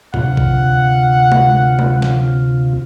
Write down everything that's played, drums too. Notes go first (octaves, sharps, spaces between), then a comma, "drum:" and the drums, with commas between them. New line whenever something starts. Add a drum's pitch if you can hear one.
D2 C3 F4 F#5, drum: tom A2
drum: kick A#1
drum: tom G#3
drum: tom G#3
drum: snare